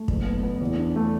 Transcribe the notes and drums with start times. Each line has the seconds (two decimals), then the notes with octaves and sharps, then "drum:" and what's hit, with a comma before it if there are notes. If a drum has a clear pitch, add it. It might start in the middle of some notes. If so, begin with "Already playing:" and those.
Already playing: A3
0.08 F#1, drum: kick
0.25 B3
0.43 B3
0.61 E2
0.79 D4
0.96 A3